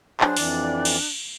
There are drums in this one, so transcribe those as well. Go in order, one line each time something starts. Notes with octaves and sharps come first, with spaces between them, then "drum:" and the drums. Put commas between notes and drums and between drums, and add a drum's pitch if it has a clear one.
F#3 D4 G#4 C5, drum: clap
F2 E3 D5, drum: open hi-hat
drum: cymbal